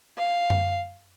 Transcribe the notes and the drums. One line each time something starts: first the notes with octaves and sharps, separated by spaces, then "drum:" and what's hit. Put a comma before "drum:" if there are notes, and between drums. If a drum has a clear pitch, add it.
F5
drum: tom F#2